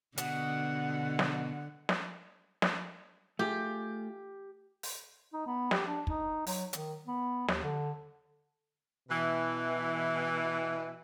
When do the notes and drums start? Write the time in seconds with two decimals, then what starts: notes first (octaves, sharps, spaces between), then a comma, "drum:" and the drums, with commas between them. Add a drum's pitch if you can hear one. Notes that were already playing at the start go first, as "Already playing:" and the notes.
0.18 B2 D3 F#5, drum: hi-hat
1.19 drum: snare
1.89 drum: snare
2.62 drum: snare
3.39 A3 F4 G4 G#4
4.83 drum: open hi-hat
5.33 D#4
5.47 B3
5.71 G4, drum: snare
5.87 D4
6.07 D#4, drum: kick
6.47 F#3, drum: open hi-hat
6.73 D#3, drum: hi-hat
7.07 B3
7.48 D#2, drum: snare
7.64 D3
9.09 B2 E3